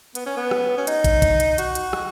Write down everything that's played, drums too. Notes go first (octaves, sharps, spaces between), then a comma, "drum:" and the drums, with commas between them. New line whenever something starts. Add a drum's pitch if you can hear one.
B3, drum: hi-hat
C#4
B3
drum: rim click
C#4
D#4, drum: hi-hat
drum: kick, hi-hat
drum: kick, hi-hat
drum: hi-hat
F#4, drum: hi-hat
drum: hi-hat
drum: rim click